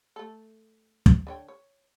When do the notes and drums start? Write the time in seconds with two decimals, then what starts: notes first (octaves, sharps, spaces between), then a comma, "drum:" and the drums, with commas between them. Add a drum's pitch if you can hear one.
0.16 A3 A4
1.06 drum: kick
1.27 D3 C#5 G5
1.48 C#5